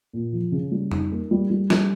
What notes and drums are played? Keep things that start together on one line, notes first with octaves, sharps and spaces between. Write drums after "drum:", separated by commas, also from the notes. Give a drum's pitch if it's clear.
A#2
F3
C#3
G3
D#4, drum: tom F2
A#3
G3
G3
G3, drum: snare